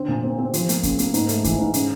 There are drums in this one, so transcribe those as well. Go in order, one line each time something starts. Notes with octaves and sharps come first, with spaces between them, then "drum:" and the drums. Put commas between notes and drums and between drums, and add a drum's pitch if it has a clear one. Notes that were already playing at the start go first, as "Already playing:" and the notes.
Already playing: D3 C4
A#2
C4
C4
F3, drum: hi-hat
A#3, drum: hi-hat
C#3, drum: kick, hi-hat
A#3, drum: hi-hat
G#2, drum: hi-hat
A3, drum: hi-hat
E3, drum: kick, hi-hat
G#2
C#3, drum: hi-hat